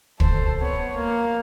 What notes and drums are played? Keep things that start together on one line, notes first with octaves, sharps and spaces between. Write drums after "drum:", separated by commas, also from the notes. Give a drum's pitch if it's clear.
A4 C5, drum: kick
B3 C#5
A#3